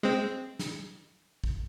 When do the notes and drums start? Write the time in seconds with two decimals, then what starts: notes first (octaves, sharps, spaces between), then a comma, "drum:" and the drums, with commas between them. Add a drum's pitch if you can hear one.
0.03 G#3 C4
0.59 drum: snare
1.44 drum: kick A1